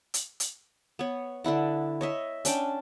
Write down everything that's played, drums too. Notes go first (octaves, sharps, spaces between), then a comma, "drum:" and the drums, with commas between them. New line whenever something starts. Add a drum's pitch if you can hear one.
drum: hi-hat
drum: hi-hat
B3 C#5
D3 D4 E4 F#5
C#5 D#5 E5
C#4 D4 G5, drum: hi-hat